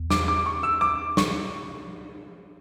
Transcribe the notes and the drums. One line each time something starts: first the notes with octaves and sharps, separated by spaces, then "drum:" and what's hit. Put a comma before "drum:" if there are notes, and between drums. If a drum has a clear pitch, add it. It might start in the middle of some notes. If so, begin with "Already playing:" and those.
Already playing: E2
D6, drum: snare
D6
C#6
E6
D6
C#6, drum: snare